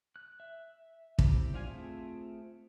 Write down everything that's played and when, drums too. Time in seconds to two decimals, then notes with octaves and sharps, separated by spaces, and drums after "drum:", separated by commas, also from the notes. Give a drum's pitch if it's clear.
0.16 F#6
0.40 E5
1.19 C4 E4 G4 C5, drum: kick
1.53 G3 D4 F4 F5 G#5
1.65 A3 C4 F4 G#4 E5